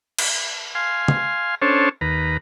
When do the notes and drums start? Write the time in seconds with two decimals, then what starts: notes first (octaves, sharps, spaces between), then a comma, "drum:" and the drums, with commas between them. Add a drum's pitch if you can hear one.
0.19 drum: cymbal
0.75 F5 G#5 C6
1.08 drum: tom
1.62 C#4 D4 A4 C5 C#5
2.01 D#2 B4 A#5